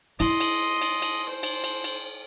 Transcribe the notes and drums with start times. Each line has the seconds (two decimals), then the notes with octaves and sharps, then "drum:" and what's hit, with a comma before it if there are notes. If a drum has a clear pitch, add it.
0.20 E4 D#5 C6, drum: cymbal
0.40 drum: cymbal
0.82 drum: cymbal
1.02 drum: cymbal
1.29 C5
1.43 drum: cymbal
1.64 drum: cymbal
1.84 drum: cymbal